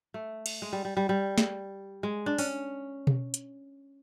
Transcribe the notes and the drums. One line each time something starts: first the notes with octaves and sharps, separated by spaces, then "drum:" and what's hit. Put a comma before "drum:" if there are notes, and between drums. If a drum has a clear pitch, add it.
A3
drum: cymbal
G#3
G3
G3
G3
G3
drum: snare
G#3
D4
C#4, drum: open hi-hat
drum: tom B2
drum: hi-hat